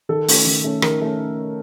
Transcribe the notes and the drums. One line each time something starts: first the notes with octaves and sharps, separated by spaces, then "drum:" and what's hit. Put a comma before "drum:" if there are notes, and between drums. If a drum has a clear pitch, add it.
D#3 A4
A3 C#4, drum: open hi-hat
D#3
A3 C#4
D#3 A#4, drum: rim click
A3 C#4